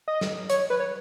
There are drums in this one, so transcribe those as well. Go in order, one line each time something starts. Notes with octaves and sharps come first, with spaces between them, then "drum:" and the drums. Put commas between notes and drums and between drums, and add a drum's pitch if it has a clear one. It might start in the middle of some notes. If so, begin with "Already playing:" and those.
D#5
drum: snare
C#5, drum: hi-hat
B4
C#5